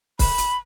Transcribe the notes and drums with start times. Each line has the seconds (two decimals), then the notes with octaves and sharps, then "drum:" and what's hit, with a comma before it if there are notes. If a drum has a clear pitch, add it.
0.19 B5, drum: kick, open hi-hat
0.38 drum: hi-hat